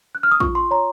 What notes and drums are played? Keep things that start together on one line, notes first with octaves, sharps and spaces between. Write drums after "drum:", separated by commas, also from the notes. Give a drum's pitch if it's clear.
F#6
F6
D#6
F4 C#6, drum: kick
C6
C#5 A#5